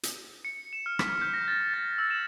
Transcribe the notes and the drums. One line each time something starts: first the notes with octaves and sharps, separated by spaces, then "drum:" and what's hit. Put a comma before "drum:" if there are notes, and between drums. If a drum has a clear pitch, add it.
drum: hi-hat
C#7
E7
F6
B6, drum: rim click
G6
A#6
A6
A6
E6
E7